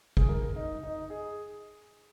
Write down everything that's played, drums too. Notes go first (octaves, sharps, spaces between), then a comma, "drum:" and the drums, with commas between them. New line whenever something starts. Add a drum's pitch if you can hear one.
G#4, drum: kick
A#4
D#4
D#4
G#4